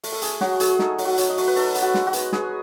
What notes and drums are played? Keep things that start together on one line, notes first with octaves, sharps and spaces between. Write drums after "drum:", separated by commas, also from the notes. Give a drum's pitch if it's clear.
A3, drum: open hi-hat
A4
A3 G#4, drum: hi-hat
F#3 F#4, drum: snare
A3 G#4, drum: hi-hat
D#4 A4, drum: snare
F#3, drum: open hi-hat
F#4
F#3, drum: hi-hat
D#5
A3 C#5, drum: open hi-hat
B4
D#4 A4, drum: open hi-hat
B3, drum: hi-hat
F#4
G#3, drum: snare
F#4
B3, drum: hi-hat
B3 G#4, drum: snare